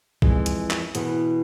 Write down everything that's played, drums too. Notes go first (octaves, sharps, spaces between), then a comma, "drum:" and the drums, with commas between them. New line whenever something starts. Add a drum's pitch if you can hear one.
F2 E3 G#3, drum: kick A#1
drum: hi-hat
drum: clap
E2 B2 B3, drum: hi-hat